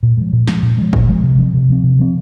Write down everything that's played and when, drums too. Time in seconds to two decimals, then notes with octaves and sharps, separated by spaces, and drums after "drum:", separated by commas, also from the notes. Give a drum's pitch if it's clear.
0.03 A#2
0.17 F3 G#3
0.33 A#2
0.47 F3 G#3, drum: snare
0.62 A#2
0.78 F3 G#3
0.93 A#2, drum: kick
1.08 F3 G#3
1.23 C3
1.38 F3 C4
1.54 C3
1.69 F3 C4
1.84 C3
1.99 F3 C4